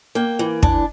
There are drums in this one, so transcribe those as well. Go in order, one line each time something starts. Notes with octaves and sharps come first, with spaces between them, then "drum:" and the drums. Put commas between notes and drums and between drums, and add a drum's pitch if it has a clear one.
A#3 G5
E3
D4, drum: kick